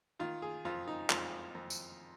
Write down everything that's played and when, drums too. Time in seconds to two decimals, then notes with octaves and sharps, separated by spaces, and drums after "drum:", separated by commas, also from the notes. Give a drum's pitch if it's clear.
0.19 D#3 F4
0.42 G#4
0.65 F2 F4
0.88 D#4
1.10 F2 F4, drum: clap
1.55 F2
1.70 drum: tambourine